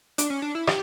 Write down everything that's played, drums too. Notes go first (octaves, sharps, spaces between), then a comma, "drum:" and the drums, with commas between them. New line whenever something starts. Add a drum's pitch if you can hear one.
D4, drum: hi-hat
C#4
D4
E4
G4, drum: rim click